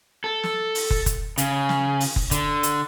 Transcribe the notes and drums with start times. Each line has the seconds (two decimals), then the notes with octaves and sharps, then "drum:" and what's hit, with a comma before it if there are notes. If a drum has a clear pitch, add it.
0.24 A4
0.43 drum: snare
0.75 drum: open hi-hat
0.90 drum: kick
1.06 drum: kick, hi-hat
1.38 C#3, drum: hi-hat
1.69 drum: snare
2.00 drum: open hi-hat
2.16 drum: kick
2.31 D3, drum: kick, hi-hat
2.63 drum: hi-hat